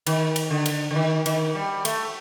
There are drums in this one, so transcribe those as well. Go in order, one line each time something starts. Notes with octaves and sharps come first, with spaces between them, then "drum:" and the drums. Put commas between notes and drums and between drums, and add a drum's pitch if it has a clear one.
D#3, drum: cymbal
drum: cymbal
D3
drum: cymbal
D3
D#3
D#3, drum: cymbal
G3
A3, drum: cymbal